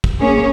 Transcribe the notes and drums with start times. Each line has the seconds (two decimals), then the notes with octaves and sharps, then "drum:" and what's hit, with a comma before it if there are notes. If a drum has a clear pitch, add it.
0.04 drum: kick
0.20 A#3 C#4 G#4 C#5